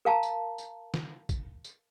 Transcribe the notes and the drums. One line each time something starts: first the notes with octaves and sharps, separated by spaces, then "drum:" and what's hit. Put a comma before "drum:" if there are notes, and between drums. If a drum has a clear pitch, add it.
A#4 F5 A5 A#5
drum: tambourine
drum: tambourine
drum: snare
drum: kick, tambourine
drum: tambourine